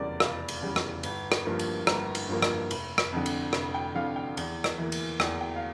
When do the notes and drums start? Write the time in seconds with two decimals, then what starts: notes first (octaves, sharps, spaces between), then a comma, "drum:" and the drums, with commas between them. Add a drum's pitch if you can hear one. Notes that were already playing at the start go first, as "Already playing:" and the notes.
Already playing: F1 E2 C#3 G3 A#4 D5
0.20 F1 F5, drum: rim click
0.48 drum: cymbal
0.63 E2 C#3 G3
0.76 drum: rim click
1.03 G1, drum: cymbal
1.32 drum: rim click
1.45 G2 F3 A#3
1.59 drum: cymbal
1.87 G1 A#5, drum: rim click
2.15 drum: cymbal
2.29 G2 F3 A#3
2.42 drum: rim click
2.71 F1, drum: cymbal
2.98 drum: rim click
3.12 F2 D3
3.26 drum: cymbal
3.53 F1, drum: rim click
3.74 G5
3.94 F2 D3 F5
4.16 G5
4.37 E2, drum: cymbal
4.64 drum: rim click
4.78 E3 A#3
4.92 drum: cymbal
5.20 E2 G5, drum: rim click
5.41 G5
5.56 F5